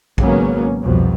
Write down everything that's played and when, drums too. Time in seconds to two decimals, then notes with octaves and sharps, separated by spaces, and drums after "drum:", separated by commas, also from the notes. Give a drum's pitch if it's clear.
0.18 G#1 C#3 F#3 A#3 B3 C#4, drum: kick A#1
0.81 C2 F2 B2